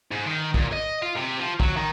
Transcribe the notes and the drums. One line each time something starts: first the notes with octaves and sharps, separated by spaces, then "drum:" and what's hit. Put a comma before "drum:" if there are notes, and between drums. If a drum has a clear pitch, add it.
G#2
D#3
A#2, drum: kick
D#5
F4
C3
F3
F#3, drum: kick
D#3